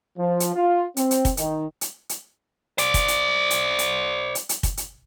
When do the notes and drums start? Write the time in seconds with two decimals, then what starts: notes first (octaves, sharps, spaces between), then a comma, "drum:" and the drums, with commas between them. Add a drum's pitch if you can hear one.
0.18 F3
0.40 drum: hi-hat
0.55 F4
0.97 C4, drum: hi-hat
1.11 drum: hi-hat
1.25 drum: kick, hi-hat
1.37 D#3, drum: hi-hat
1.81 drum: hi-hat
2.09 drum: hi-hat
2.78 C5 D5, drum: hi-hat
2.94 drum: kick, hi-hat
3.08 drum: hi-hat
3.50 drum: hi-hat
3.79 drum: hi-hat
4.35 drum: hi-hat
4.49 drum: hi-hat
4.63 drum: kick, hi-hat
4.77 drum: hi-hat